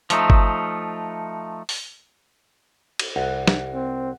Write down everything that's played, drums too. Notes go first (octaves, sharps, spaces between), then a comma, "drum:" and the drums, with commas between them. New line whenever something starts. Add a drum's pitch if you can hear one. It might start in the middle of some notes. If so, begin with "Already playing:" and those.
F3 A3 D#4, drum: hi-hat
drum: kick G1
drum: open hi-hat
drum: cymbal
C2 F#5
drum: snare
C4